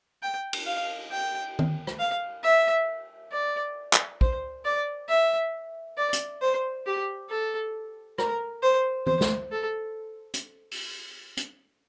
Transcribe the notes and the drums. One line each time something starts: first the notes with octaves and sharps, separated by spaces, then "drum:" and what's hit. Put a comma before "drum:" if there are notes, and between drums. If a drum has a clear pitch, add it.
G5
drum: cymbal
F5
G5
drum: tom D#3
drum: rim click
F5
E5
D5
drum: clap
C5, drum: kick
D5
E5
D5
drum: hi-hat
C5
G4
A4
A#4, drum: rim click
C5
C5, drum: tom
drum: snare
A4
drum: hi-hat
drum: open hi-hat
drum: hi-hat